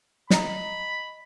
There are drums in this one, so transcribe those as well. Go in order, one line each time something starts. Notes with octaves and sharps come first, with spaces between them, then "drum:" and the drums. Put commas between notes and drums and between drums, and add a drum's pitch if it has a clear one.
D#5 A#5 B5, drum: snare